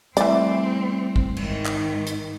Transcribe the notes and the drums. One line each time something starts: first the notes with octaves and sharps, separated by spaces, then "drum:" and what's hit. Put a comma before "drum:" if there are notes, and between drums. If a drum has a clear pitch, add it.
E3 G3 A3 C4 D5, drum: hi-hat
drum: kick
G#2 D#3, drum: cymbal
drum: clap
drum: hi-hat